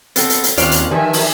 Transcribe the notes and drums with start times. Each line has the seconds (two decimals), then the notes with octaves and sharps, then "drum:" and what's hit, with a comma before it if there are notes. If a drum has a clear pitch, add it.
0.16 B3 C4 A4, drum: hi-hat
0.30 drum: hi-hat
0.44 drum: hi-hat
0.57 D#2 C4 C#4 F4 D5 F6 F#6, drum: hi-hat
0.71 drum: hi-hat
0.91 G2 D#3 F3 E5 G#5
1.13 drum: open hi-hat